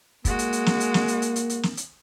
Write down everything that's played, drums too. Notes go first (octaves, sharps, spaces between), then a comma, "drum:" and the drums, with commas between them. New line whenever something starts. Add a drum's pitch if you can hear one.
G#3 A#3 F#4, drum: kick, hi-hat
drum: hi-hat
drum: hi-hat
drum: snare
drum: hi-hat
drum: snare
drum: hi-hat
drum: hi-hat
drum: hi-hat
drum: hi-hat
drum: snare
drum: hi-hat